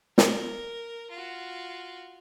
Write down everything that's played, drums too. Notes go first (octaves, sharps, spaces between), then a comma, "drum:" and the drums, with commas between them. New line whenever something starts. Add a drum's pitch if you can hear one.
A#4, drum: snare
F4 F#4